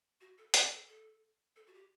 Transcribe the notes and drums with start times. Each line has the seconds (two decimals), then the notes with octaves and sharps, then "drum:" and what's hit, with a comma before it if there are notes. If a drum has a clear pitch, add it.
0.21 F#4
0.38 A4
0.54 B4, drum: hi-hat
0.72 A4
0.88 A4
1.56 A4
1.67 F#4
1.74 G4